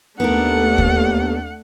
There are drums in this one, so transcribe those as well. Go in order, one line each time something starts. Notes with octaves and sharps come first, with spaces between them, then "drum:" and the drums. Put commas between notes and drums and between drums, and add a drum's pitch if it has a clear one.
D#2 A3 B3 D4 D#4 A#4 F#5
drum: kick